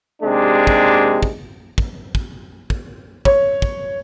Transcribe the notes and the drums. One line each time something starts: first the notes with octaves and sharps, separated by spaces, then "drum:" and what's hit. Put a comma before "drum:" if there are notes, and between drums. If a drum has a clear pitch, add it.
D#2 C3 G#3 D4
drum: kick
drum: kick
drum: kick
drum: kick
drum: kick
C#5, drum: kick
drum: kick